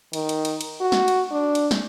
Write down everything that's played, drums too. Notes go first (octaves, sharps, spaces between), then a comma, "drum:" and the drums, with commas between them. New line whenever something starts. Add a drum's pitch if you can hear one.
D#3, drum: cymbal
drum: cymbal
drum: cymbal
drum: cymbal
F#4
drum: snare
drum: cymbal
D4
drum: cymbal
drum: snare